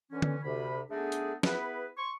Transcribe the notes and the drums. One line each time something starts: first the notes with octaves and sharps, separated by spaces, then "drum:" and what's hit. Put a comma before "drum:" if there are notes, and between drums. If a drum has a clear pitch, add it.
D3 E3 C#4
drum: tom D3
D2 C3 B5
D3 A3 B3 D4 D#4 G#4
drum: hi-hat
B3 E4 G#4 B4, drum: snare
C6 C#6